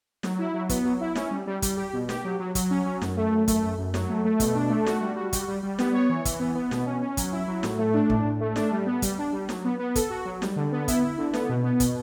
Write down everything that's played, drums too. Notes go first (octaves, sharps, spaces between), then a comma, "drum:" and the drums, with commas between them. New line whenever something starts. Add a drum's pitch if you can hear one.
F#3, drum: snare
E4
F#3
B3, drum: kick, hi-hat
F#3
E4
C#4, drum: snare
G3
G3
G3, drum: kick, hi-hat
G4
B2
G4, drum: snare
F#3
F#3
F#3, drum: kick, hi-hat
C#4
F#3
F#2, drum: snare
A3
F#2
A3, drum: kick, hi-hat
F#2
F#2
F#3, drum: snare
A3
A3
B2, drum: kick, hi-hat
D4
A3
F#4, drum: snare
G3
F#4
G3, drum: kick, hi-hat
G3
G3
B3, drum: snare
C#5
E3
E3, drum: kick, hi-hat
B3
B3
B2, drum: snare
C#4
C#4
F#3, drum: kick, hi-hat
E4
F#3
A2, drum: snare
A3
D4
A2, drum: kick
A2
A3
D4, drum: snare
G3
B3
G3, drum: kick, hi-hat
D4
G3
F#3, drum: snare
B3
B3
A4, drum: kick, hi-hat
F#4
F#3
G3, drum: snare
D3
B3
E4, drum: kick, hi-hat
E4
D3
B3, drum: snare
B2
B3
B2, drum: kick, hi-hat